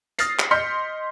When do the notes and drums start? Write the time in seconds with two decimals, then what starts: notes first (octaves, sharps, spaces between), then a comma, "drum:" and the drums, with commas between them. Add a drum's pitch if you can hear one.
0.19 D#6 F6 A6 A#6 C7, drum: hi-hat
0.39 drum: clap
0.51 D#5 C6 F6 G6 B6 C#7